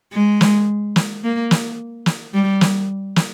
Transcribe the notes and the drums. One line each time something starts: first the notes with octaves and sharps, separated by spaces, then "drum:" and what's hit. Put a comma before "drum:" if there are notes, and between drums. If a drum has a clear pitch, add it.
G#3
drum: snare
drum: snare
A#3
drum: snare
drum: snare
G3
drum: snare
drum: snare